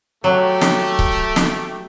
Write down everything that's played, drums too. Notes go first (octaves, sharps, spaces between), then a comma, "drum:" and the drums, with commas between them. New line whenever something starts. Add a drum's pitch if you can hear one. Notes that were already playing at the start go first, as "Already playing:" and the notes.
F#3 A3 G4
drum: snare
drum: kick C#1
drum: snare